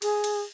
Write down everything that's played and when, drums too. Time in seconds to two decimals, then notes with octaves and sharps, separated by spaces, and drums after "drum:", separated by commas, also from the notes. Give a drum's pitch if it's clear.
0.02 G#4, drum: cymbal
0.24 drum: cymbal